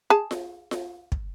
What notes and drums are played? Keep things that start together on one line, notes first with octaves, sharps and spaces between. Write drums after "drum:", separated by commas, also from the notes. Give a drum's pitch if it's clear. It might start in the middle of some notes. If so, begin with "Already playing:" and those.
G#4 A5
drum: snare F4
drum: snare F4
drum: kick